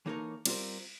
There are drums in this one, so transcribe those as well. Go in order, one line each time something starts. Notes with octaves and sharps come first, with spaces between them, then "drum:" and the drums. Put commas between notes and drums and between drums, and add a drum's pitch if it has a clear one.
E3 A#3 D#4 A4 A#4 C#5
G3 C4 F4 G4 A#4 C5, drum: cymbal